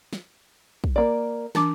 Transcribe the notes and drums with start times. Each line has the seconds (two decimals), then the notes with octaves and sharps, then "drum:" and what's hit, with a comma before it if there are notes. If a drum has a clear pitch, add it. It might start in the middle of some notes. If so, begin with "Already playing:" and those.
0.13 drum: snare
0.84 drum: kick
0.96 A#3 D5
1.55 E3 D4 D6, drum: snare